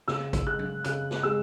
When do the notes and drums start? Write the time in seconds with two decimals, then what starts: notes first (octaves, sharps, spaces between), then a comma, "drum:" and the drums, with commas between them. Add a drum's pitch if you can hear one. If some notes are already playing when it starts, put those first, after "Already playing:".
0.08 C#3 E6, drum: snare
0.33 drum: kick G#1, hi-hat
0.46 G#3 F#6
0.59 drum: tom F#3
0.84 C#3 F#6, drum: hi-hat
1.11 drum: snare
1.23 G#3 E6